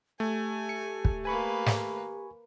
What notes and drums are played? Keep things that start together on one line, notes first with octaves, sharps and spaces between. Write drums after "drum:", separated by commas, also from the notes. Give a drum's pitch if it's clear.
A3 G4 G#5
C#7
drum: kick
A#3 B4 G#5 B5 C#6
drum: snare